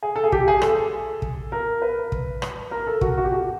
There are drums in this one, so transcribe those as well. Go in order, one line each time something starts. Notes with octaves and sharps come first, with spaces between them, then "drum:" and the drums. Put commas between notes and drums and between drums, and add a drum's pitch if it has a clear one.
G#4
A4
G#4
G4, drum: kick
G#4
A4, drum: rim click
drum: kick
A#4
B4
drum: kick
drum: rim click
A#4
A4
F#4, drum: kick
F#4
G4
F#4